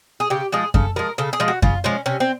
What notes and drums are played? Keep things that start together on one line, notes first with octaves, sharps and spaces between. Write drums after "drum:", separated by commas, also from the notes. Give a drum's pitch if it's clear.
G#4
C#3 G4
F3 G#3 G#4
C#3 A4, drum: kick F#2
F3 G#3 A#4
C#3 A4
G#4
F3 G#3
F#4
C#3 F4, drum: kick F#2
F3 G#3 C#4
C3 C#4
C4